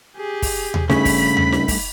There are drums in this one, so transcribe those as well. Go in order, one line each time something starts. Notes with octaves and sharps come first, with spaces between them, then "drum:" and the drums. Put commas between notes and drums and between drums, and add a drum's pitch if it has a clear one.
G4 G#4
drum: kick, open hi-hat
drum: tom D#2
G2 C#3 A3 B5 B6, drum: snare D#4
drum: kick, open hi-hat
drum: tom D#2
drum: snare D#4
drum: kick, open hi-hat